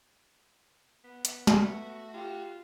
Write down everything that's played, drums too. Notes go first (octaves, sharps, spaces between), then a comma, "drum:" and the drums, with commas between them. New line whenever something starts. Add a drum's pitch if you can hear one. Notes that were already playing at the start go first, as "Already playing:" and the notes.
B3
drum: hi-hat
A3 F#4, drum: snare
F4 G4